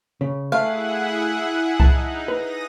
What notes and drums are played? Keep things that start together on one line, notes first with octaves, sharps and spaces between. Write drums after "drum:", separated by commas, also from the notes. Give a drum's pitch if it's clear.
C#3
A3 E4 G#4 F5 F#5
D#4 A5, drum: kick C2
B4 D#6 A#6